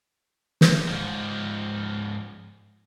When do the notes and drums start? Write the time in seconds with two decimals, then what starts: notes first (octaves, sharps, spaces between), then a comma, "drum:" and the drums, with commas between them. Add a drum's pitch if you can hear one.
0.61 drum: snare
0.88 G#2 F3